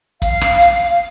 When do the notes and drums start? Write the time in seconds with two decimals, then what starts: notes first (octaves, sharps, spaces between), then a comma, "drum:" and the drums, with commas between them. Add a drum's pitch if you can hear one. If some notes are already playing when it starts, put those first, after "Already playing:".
0.22 F5, drum: kick, hi-hat
0.41 drum: rim click
0.61 drum: hi-hat